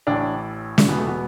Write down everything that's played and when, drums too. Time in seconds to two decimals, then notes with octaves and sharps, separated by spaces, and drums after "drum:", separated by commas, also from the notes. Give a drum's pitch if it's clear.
0.07 A1 A2 E3 D4
0.78 drum: snare
0.88 E1 E2 B2 B3
0.98 A3
1.07 B3